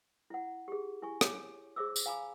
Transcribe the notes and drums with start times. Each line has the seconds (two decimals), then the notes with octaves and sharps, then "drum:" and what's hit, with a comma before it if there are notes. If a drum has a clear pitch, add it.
0.30 E4 F#5
0.68 G4 G#4
1.02 E4 G#5 C#6
1.21 C#5 D6, drum: rim click
1.76 G#4 C5 E5 D6 E6
1.96 drum: tambourine
2.06 F5 G#5 A#5 B5 D6